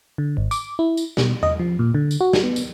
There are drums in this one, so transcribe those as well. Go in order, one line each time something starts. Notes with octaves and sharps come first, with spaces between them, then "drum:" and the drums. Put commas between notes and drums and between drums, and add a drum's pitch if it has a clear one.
D3
G#1
D6, drum: tambourine
E4
drum: tambourine
B2, drum: snare
D#5, drum: tom E2
F3
A#2
D3
drum: tambourine
F#4
drum: snare
B3
drum: tambourine